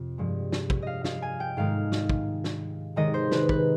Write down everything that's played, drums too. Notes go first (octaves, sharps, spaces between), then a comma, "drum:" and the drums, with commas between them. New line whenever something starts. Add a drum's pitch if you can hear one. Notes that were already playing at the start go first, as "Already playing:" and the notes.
Already playing: F2 C3
G2 F3 G#3
drum: snare
drum: kick
D#5 F5
F5, drum: snare
G#5
G5
G#2 D#3 G#3 F5
drum: snare
drum: kick
drum: snare
C3 D#3 G#3 D#5
C5
B4, drum: snare
B4, drum: kick